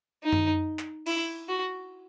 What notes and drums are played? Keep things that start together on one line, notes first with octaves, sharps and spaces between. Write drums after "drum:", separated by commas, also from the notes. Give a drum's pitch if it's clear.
D#4
drum: tom F#2
drum: clap
E4, drum: cymbal
F#4